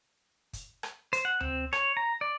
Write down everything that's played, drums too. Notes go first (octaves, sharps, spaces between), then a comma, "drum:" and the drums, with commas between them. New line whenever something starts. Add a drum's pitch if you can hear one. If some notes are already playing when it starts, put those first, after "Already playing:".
drum: kick, hi-hat
drum: rim click
C5, drum: hi-hat
F#5
C4, drum: tom D2
C#5, drum: rim click
A#5
D5